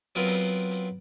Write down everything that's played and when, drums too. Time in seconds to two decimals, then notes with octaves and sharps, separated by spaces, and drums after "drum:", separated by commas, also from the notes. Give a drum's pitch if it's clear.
0.15 F#3 B3 C4 F4 A#4 B4
0.26 drum: open hi-hat
0.71 drum: hi-hat